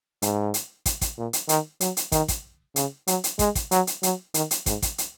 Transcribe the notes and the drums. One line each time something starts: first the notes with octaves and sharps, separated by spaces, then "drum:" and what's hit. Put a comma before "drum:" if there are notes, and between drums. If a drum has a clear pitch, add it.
G#2, drum: hi-hat
drum: hi-hat
drum: kick, hi-hat
drum: kick, hi-hat
A#2
drum: hi-hat
D#3, drum: hi-hat
F#3, drum: hi-hat
drum: hi-hat
D#3, drum: kick, hi-hat
drum: kick, hi-hat
C#3, drum: hi-hat
F#3, drum: hi-hat
drum: hi-hat
G#3, drum: kick, hi-hat
drum: kick, hi-hat
F#3, drum: hi-hat
drum: hi-hat
F#3, drum: hi-hat
D#3, drum: hi-hat
drum: hi-hat
G#2, drum: kick, hi-hat
drum: kick, hi-hat
drum: hi-hat